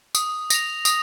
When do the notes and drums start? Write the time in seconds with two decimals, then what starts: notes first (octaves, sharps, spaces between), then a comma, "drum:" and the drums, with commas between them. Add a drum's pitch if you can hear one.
0.15 D#6, drum: tambourine
0.50 A#6 F7, drum: tambourine
0.85 D#6, drum: tambourine